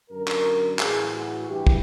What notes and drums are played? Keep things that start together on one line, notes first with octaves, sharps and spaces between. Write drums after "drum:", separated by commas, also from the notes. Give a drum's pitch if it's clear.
F#2 D3 A#4
drum: clap
A2 E3 G#4, drum: clap
F#4
G2 E3 G4
drum: kick